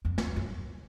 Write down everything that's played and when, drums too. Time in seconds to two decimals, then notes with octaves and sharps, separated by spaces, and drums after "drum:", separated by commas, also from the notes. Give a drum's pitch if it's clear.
0.05 F2
0.18 drum: snare
0.36 F#2